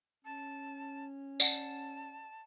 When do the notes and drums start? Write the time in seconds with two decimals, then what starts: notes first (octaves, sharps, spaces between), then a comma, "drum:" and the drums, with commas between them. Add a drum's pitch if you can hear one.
0.24 C#4 A5
1.40 D5 F#5 A5, drum: tambourine